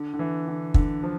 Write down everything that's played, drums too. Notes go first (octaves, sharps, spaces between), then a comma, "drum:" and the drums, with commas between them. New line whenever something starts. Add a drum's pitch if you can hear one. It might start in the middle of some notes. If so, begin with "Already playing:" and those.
Already playing: D3
D3
E3
D3
D3, drum: kick
F3